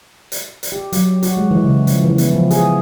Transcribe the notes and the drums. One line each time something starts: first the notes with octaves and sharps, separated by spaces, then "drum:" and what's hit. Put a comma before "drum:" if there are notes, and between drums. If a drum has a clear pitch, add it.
drum: hi-hat
drum: hi-hat
G4
F#3, drum: hi-hat
F#4, drum: hi-hat
G#3
E3
C#3
F3, drum: hi-hat
E3
B3, drum: hi-hat
F3
G#4, drum: hi-hat